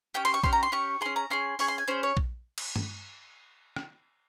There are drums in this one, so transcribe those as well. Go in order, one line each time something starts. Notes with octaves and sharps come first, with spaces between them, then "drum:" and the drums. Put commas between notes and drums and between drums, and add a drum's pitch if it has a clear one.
C#4 G4 G5
C6, drum: cymbal
C#6
C#4 G4 C6, drum: kick A#1
A#5
C6
C#4 G4 C#6
C#4 G#4 C6
A#5
C#4 G#4 C6
C#4 G#4 C#6, drum: open hi-hat
C6
G#5
C#4 G#4 C5
C#5
drum: kick A#1
drum: cymbal
drum: tom G2
drum: rim click